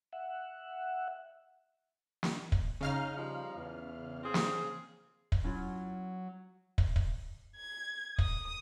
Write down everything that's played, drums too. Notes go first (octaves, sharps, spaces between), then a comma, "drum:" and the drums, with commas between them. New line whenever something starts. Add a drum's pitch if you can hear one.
E5 F#5
drum: snare
drum: kick
C#3 D#4 F5 F6
F3 G3 D#4
E2
C4 G#4
drum: snare
drum: kick
F#3 C#4 E4 F4
drum: kick
drum: kick
G#6
D#6, drum: kick